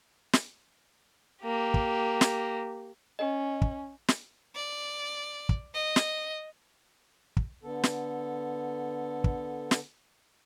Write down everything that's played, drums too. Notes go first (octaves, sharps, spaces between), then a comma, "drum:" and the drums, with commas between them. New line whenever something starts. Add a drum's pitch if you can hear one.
drum: snare
A#3 G4
drum: kick
drum: snare
C#4 D#5
drum: kick
drum: snare
D5
drum: kick
D#5
drum: snare
drum: kick
D3 B3 A4
drum: snare
drum: kick
drum: snare